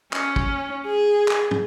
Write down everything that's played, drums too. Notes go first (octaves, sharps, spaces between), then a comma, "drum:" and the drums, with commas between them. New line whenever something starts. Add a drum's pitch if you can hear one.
C#4, drum: clap
drum: kick
G#4
drum: clap
drum: tom